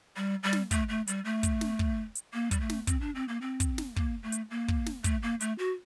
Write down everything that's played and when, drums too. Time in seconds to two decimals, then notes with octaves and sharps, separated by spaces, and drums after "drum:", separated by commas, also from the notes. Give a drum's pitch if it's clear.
0.17 G3
0.43 G3
0.53 drum: snare
0.71 A3, drum: kick, hi-hat
0.89 A3
1.07 G3, drum: hi-hat
1.25 A3
1.43 drum: kick, hi-hat
1.61 drum: snare
1.79 drum: kick
2.15 drum: hi-hat
2.33 A#3
2.51 G3, drum: kick, hi-hat
2.60 A3
2.70 drum: snare
2.87 C4, drum: kick, hi-hat
3.01 D4
3.15 C4
3.28 A#3
3.42 C4
3.60 drum: kick, hi-hat
3.78 drum: snare
3.96 A#3, drum: kick
4.23 A3
4.32 drum: hi-hat
4.51 A#3
4.68 drum: kick
4.86 drum: snare
5.04 A3, drum: kick, hi-hat
5.23 A#3
5.40 A3, drum: hi-hat
5.59 F#4